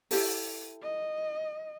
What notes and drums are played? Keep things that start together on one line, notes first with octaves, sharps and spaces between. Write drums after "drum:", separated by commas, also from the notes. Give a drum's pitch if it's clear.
E4 G4 A4, drum: open hi-hat
D#5